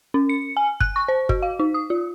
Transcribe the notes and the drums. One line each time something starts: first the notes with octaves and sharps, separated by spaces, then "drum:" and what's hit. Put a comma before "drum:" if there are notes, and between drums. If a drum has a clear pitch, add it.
C#4
C#7
G#5
F#6, drum: kick
C#6
C5
F#4, drum: kick
F5
D#4
D#6
F4